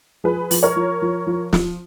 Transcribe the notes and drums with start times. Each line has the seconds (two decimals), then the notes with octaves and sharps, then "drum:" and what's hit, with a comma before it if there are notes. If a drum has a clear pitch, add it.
0.24 F3 G#4 B4
0.51 F3, drum: open hi-hat
0.63 A#4 C#5
0.76 F3
1.02 F3
1.27 F3
1.53 F3, drum: snare